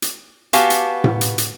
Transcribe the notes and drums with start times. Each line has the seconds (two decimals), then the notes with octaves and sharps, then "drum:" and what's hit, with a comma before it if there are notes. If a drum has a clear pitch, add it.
0.02 drum: hi-hat
0.53 B3 F#4 G4 F5 G#5 A5, drum: hi-hat
0.70 drum: hi-hat
1.04 drum: tom A2
1.21 drum: hi-hat
1.38 drum: hi-hat